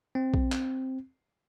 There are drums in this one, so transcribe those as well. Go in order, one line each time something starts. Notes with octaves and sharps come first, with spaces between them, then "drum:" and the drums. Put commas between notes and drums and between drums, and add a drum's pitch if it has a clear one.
C4
drum: kick A#1
drum: clap